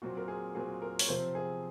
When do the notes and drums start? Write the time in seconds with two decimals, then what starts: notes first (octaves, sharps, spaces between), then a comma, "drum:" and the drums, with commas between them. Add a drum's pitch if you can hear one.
0.02 A#2 F#3 C4 F#4
0.17 A#4
0.28 G#4
0.55 A#2 F#3 C4 G#4
0.82 A#4
0.99 C#5, drum: open hi-hat
1.08 C3 F3 C4 C5
1.35 G#4